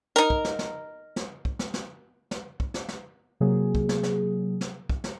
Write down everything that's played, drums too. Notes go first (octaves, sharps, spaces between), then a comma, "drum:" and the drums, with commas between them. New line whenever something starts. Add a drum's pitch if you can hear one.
D#4 A#4
drum: kick
drum: snare
drum: snare
drum: snare
drum: kick
drum: snare
drum: snare
drum: snare
drum: kick
drum: snare
drum: snare
C3 F#3 A#3 G#4
drum: kick
drum: snare
drum: snare
drum: snare
drum: kick
drum: snare